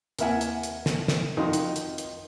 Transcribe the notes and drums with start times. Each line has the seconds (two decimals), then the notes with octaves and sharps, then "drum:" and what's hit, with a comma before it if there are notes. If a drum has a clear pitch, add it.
0.19 D#2 E4 A#4 E5 F#5 G#5, drum: hi-hat
0.41 drum: hi-hat
0.63 drum: hi-hat
0.86 drum: snare
1.08 drum: snare
1.37 F2 D#3 D#4 F4 F#4 C6
1.53 drum: hi-hat
1.76 drum: hi-hat
1.98 drum: hi-hat